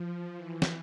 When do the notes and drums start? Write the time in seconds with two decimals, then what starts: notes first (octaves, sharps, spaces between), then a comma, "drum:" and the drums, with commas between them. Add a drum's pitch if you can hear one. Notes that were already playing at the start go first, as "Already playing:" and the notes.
Already playing: F3
0.37 E3
0.62 drum: snare